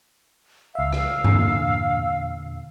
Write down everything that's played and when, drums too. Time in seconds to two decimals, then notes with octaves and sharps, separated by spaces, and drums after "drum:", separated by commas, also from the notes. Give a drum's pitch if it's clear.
0.75 C#2 E5 F5 E6
0.93 drum: rim click
1.24 E2 A#2 D3, drum: tom G2